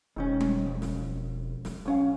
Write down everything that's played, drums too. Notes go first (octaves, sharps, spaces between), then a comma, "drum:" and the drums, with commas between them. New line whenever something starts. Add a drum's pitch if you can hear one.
E1 G#2 D#3 C#4
drum: tom G3
F2
drum: snare
drum: snare
B1 C#4 F5